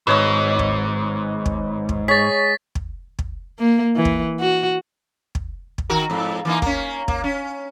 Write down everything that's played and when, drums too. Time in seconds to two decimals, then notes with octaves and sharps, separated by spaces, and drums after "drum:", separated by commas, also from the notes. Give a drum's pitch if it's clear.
0.07 G#1 G#2 D#4 B4 C#5 D#5 E6
0.59 drum: kick
1.46 drum: kick
1.89 drum: kick
2.08 G#3 G#4 C#5 A6 B6
2.75 drum: kick
3.19 drum: kick
3.59 A#3
3.96 E3
4.05 drum: kick
4.40 F#4
5.35 drum: kick
5.78 drum: kick
5.90 D#3 F#4 A#4
6.10 F2 G#2
6.45 E3 A#3 D#4
6.62 A#3 C#4, drum: kick
7.08 A#3, drum: kick
7.24 C#4